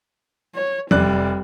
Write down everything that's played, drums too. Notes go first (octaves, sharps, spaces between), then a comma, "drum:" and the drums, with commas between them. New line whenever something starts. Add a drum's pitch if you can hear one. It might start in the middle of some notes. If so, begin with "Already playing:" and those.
C#5
F1 G3 D5 F#6, drum: tom